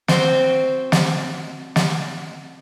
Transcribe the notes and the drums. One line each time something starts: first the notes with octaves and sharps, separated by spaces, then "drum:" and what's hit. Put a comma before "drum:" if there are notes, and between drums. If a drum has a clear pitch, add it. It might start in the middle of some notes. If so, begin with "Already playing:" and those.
C4 F#4 C5 G5, drum: snare
drum: snare
drum: snare